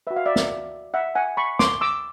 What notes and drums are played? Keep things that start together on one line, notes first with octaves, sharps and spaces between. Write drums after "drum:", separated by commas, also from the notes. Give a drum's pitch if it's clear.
F#4 B4 E5
F5
D5 E5
drum: snare
E5 F#5
F#5 G#5
B5 C#6
C6 D6, drum: snare
D6 E6